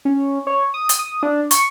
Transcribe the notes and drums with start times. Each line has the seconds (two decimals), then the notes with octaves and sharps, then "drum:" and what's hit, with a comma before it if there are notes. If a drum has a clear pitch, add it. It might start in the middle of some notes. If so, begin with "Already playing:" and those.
0.05 C#4
0.47 C#5
0.74 D#6
0.89 drum: hi-hat
0.99 D#6
1.23 D4
1.51 C#6, drum: hi-hat